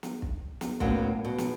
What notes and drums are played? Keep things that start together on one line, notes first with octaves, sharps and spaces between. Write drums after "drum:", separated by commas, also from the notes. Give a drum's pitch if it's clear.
drum: snare
drum: kick
drum: snare
F#2 A2 F#3 A#3 B3, drum: kick
B2
drum: snare